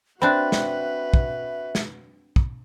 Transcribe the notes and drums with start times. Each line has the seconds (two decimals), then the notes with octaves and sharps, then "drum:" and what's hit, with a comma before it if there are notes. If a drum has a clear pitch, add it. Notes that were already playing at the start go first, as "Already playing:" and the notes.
0.22 C4 D4 F#4 B4 E5 B5 F#6
0.52 drum: snare
1.14 drum: kick
1.75 drum: snare
2.36 drum: kick